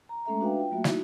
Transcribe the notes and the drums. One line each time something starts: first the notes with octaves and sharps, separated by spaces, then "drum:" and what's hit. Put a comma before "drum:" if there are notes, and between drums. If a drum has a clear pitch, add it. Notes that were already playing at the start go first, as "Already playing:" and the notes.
A#5
G#3 A3 C#4 A4 E5 A#5
D4 F#4 B4 E5 F5 G5
F4 G5
F#3 A3 A#3 F#4 E5
D#4 E4 F#4, drum: snare